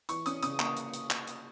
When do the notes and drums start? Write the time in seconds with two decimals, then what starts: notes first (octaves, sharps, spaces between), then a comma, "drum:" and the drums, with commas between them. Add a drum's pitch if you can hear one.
0.09 E3 C#6, drum: hi-hat
0.26 C#4 D#6, drum: hi-hat
0.43 C#3 D#6, drum: hi-hat
0.60 A#3 C#6, drum: clap
0.77 drum: hi-hat
0.94 drum: hi-hat
1.10 drum: clap
1.27 drum: hi-hat